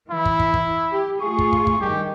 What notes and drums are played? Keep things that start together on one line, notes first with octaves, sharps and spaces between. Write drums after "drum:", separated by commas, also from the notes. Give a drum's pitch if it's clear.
E3 E4
drum: kick
drum: kick
drum: kick
G4
A3 F4 G#4 C#6
drum: kick
drum: kick
drum: kick
G2 D#3 G4